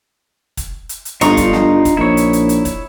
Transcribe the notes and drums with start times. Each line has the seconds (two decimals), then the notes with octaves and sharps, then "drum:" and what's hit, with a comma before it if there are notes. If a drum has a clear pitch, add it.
0.57 drum: kick, hi-hat
0.89 drum: hi-hat
1.05 drum: hi-hat
1.21 G1 D4 D#4 F4 C#6, drum: hi-hat
1.37 drum: kick, hi-hat
1.53 drum: snare
1.85 drum: kick, hi-hat
1.97 A#1 E4 C#5
2.17 drum: hi-hat
2.33 drum: hi-hat
2.49 drum: hi-hat
2.65 drum: kick, hi-hat